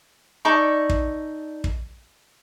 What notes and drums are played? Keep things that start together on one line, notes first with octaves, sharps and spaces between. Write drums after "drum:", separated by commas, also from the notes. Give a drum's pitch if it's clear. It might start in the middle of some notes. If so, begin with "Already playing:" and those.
D#4 A4 D5 C#6
drum: kick
drum: kick